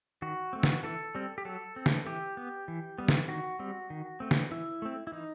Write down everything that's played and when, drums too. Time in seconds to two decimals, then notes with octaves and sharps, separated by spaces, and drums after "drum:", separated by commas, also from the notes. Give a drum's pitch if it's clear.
0.22 D#3 F#4
0.53 A3 C4
0.63 drum: snare
0.83 E3 A4
1.15 G3 C4
1.38 G4
1.45 F#3 A4
1.76 C4
1.86 drum: snare
2.06 E3 G4
2.37 B3
2.68 E3
2.98 G3 B3
3.08 drum: snare
3.28 D#3 F#4
3.59 G3 C4
3.90 D#3
4.20 A3 C4
4.31 drum: snare
4.51 E3 E4
4.82 A3 C4
5.07 E4
5.12 E3 D#4